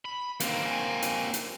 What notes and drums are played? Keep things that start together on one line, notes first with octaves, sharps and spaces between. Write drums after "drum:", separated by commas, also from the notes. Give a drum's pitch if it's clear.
B5
D3 D#3 A#3 C4, drum: hi-hat
G#5
drum: hi-hat
drum: hi-hat